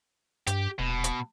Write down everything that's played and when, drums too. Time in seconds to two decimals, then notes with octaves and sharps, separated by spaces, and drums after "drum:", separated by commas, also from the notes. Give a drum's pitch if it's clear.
0.47 G2 G4, drum: hi-hat
0.79 D#1 B2
1.04 drum: hi-hat